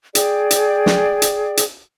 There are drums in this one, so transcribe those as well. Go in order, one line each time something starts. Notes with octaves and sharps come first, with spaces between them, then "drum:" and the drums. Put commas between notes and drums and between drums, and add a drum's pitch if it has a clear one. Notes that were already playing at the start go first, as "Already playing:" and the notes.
G#4 D5 G5, drum: hi-hat
drum: hi-hat
drum: snare
drum: hi-hat
drum: hi-hat